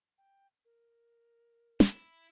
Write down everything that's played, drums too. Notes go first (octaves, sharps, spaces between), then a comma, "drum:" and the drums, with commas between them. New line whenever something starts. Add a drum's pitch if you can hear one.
G5
A#4
E4, drum: snare